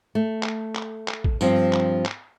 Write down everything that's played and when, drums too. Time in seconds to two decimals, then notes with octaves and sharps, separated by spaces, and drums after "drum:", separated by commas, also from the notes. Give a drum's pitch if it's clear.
0.15 A3
0.43 drum: clap
0.76 drum: clap
1.08 drum: clap
1.24 drum: kick
1.41 G2 F3 C4, drum: tambourine
1.73 drum: clap
2.06 drum: clap